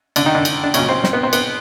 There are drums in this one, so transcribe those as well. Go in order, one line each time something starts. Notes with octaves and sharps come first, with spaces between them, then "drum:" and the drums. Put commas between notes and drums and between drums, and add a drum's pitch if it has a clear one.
D3 D4, drum: cymbal
D#3 D#4
D3 D4
drum: cymbal
D4
B1 A#2 C#3 F#3 C#4, drum: cymbal
C4
C4, drum: snare
B3
C4
B3, drum: cymbal